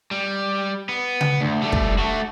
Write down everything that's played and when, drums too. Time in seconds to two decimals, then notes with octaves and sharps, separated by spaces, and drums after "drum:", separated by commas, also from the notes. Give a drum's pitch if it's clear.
0.11 G3
0.89 B3
1.21 drum: tom C#3
1.41 D2
1.62 G3 A3
1.72 drum: kick
1.98 A3 F#4